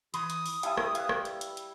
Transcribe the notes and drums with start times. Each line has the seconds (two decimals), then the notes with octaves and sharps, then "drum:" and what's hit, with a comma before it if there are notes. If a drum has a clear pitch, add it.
0.14 E3 B5 D#6, drum: hi-hat
0.30 drum: hi-hat
0.46 drum: open hi-hat
0.63 G3 E4 F5 A5, drum: hi-hat
0.77 drum: rim click
0.95 B4 F5, drum: hi-hat
1.09 drum: rim click
1.25 drum: hi-hat
1.41 drum: hi-hat
1.57 drum: hi-hat